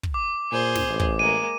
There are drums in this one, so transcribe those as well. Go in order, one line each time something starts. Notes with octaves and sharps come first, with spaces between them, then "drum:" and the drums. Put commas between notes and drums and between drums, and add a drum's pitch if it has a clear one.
drum: kick
D6
A#2 G#4 C5
drum: snare
A1
drum: kick
G#3 A#3 D#7